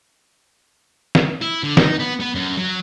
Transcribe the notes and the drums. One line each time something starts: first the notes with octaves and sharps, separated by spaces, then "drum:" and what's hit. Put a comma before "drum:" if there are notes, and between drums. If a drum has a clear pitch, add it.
drum: snare
E4
D3
D#4, drum: snare
B3
B3
F#2
F#3